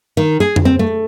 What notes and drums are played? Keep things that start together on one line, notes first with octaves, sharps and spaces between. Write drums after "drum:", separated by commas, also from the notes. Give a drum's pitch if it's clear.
D#3
G#4
drum: tom F2
C4
A3